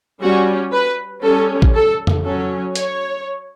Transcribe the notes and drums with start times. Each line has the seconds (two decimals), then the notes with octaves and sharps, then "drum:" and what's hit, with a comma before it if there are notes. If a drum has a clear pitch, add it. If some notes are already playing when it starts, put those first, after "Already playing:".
0.21 G3 C#4 F#4
0.72 B4
1.23 G3 C#4 A4
1.62 drum: kick A1
1.74 A4
2.07 drum: tom F2
2.24 F#3 C#4 A4
2.76 C#5, drum: hi-hat